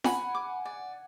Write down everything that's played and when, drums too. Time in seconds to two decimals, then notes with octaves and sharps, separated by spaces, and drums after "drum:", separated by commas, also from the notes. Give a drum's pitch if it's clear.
0.04 F#5 G#5 B5, drum: snare F4
0.35 D6
0.65 D5